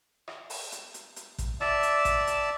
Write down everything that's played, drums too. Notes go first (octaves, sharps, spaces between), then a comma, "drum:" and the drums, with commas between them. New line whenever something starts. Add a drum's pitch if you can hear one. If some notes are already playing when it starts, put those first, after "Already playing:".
drum: rim click
drum: open hi-hat
drum: hi-hat
drum: hi-hat
drum: hi-hat
drum: kick A1, hi-hat
D5 E5 A5, drum: rim click
drum: hi-hat
drum: kick A1, hi-hat
drum: hi-hat